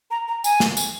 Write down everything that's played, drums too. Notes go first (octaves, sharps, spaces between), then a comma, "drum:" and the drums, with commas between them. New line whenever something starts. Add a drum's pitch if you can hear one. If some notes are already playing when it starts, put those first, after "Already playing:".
A#5
A#5
G#5, drum: tambourine
drum: snare
drum: tambourine